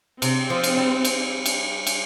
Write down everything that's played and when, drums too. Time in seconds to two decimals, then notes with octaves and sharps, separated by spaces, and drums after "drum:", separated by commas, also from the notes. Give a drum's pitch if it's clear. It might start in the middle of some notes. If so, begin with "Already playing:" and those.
0.22 C3 C4, drum: cymbal
0.50 F3
0.64 drum: cymbal
0.77 G3
1.05 drum: cymbal
1.46 drum: cymbal
1.87 drum: cymbal